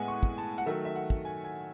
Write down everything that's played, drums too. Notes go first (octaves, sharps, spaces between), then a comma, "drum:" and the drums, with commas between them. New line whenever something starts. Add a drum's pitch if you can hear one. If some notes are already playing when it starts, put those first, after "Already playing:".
Already playing: A2 G#3 B3 F#5 G#5
C#6
drum: kick
A5
F#5
D#3 F#3 A3 E5
E5
F#5
drum: kick
G#5
G#5